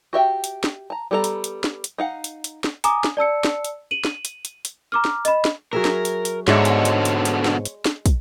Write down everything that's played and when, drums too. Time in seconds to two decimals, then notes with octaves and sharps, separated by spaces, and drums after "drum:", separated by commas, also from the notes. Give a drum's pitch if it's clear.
0.13 F#4 G4 E5 G5
0.44 drum: hi-hat
0.64 drum: snare
0.90 A5 A#5
1.11 G3 B3 A4 A#4 A#5
1.24 drum: hi-hat
1.44 drum: hi-hat
1.64 drum: snare
1.84 drum: hi-hat
1.98 D#4 F5 F#5
2.24 drum: hi-hat
2.44 drum: hi-hat
2.64 drum: snare
2.84 G#5 A#5 D6 D#6, drum: hi-hat
3.04 drum: snare
3.17 D5 A5 E6 C#7
3.44 drum: snare
3.65 drum: hi-hat
3.91 D#7 F#7
4.05 drum: snare
4.25 drum: hi-hat
4.45 drum: hi-hat
4.65 drum: hi-hat
4.92 A#5 D6 F6
5.05 drum: snare
5.25 D#5 B5, drum: hi-hat
5.45 drum: snare
5.73 F#3 G#4 A#4 E5
5.85 drum: snare
6.05 drum: hi-hat
6.25 drum: hi-hat
6.48 G#2 B2 D3 G#3 C#5 D5 E5, drum: snare
6.65 drum: hi-hat
6.85 drum: hi-hat
7.05 drum: hi-hat
7.25 drum: hi-hat
7.45 drum: snare
7.65 drum: hi-hat
7.86 drum: snare
8.06 drum: kick, hi-hat